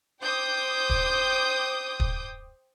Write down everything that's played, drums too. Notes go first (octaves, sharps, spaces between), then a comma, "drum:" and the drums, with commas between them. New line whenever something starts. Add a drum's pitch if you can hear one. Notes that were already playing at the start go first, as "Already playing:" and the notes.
C5 G5 D6 D#6 G6
drum: kick
drum: kick